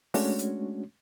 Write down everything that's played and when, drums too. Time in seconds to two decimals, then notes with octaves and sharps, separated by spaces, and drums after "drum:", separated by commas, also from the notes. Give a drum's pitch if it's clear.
0.14 G#3 A3 C#4 D4 F#4 C#5, drum: open hi-hat
0.39 drum: hi-hat